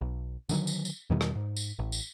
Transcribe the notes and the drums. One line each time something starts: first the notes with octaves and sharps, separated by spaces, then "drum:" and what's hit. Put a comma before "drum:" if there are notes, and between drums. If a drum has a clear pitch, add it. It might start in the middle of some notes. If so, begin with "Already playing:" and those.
B1
D3 D#3 F#3, drum: tambourine
drum: tambourine
drum: tambourine
E2 B2 D#3 G3
drum: rim click
G#2
drum: tambourine
A1
drum: tambourine